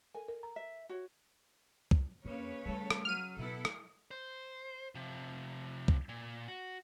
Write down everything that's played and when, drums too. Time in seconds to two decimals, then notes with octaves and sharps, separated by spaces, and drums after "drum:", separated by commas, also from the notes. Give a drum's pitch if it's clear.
0.15 A4 A#4 G#5
0.29 A#4
0.43 A#5
0.56 E5
0.89 F#4 C#5
1.91 drum: kick
2.25 F2 C#3 A#3 B4 C#5
2.66 G3 A3 A4
2.91 drum: rim click
3.05 F#3 F6 D#7
3.37 B2 B3 E4 A4
3.65 drum: rim click
4.11 C5
4.95 C3 F3
5.88 drum: kick
6.09 A#2
6.48 F#4